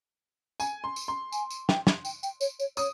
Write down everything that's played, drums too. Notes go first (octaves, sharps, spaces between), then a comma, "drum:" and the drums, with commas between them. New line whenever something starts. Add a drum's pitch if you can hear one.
G#5, drum: tambourine
C6
drum: tambourine
C6
G#5, drum: tambourine
drum: tambourine
G5, drum: snare
drum: snare
G5, drum: tambourine
G5, drum: tambourine
C#5, drum: tambourine
C#5, drum: tambourine
C#5 D#6, drum: tambourine